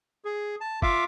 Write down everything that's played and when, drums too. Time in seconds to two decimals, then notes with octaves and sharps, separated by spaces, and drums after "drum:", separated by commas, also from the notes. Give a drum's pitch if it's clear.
0.25 G#4
0.61 A5
0.82 F4 E5 F5 D6, drum: kick